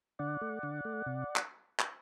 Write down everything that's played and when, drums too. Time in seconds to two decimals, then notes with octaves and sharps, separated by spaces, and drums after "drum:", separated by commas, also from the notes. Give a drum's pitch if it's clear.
0.19 D3 D5 F#5
0.41 A3
0.63 D3
0.85 A3
1.06 C3
1.36 drum: clap
1.79 drum: clap